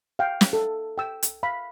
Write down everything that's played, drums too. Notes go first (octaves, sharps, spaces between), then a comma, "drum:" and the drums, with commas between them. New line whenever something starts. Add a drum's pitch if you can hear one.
F5 G5
drum: snare
A4
G5 E6
drum: hi-hat
F5 B5